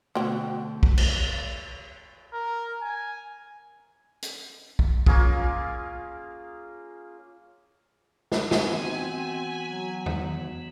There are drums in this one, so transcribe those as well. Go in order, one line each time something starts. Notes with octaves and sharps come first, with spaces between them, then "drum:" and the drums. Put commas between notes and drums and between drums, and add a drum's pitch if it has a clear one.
B2 D3 F#3 A3 C4
drum: kick
drum: cymbal
A#4
G#5
drum: hi-hat
drum: kick
A#3 C#4 F4 G#4, drum: kick
drum: snare
E3 B3 C4 F#4 G#5, drum: snare
F#3
drum: tom E2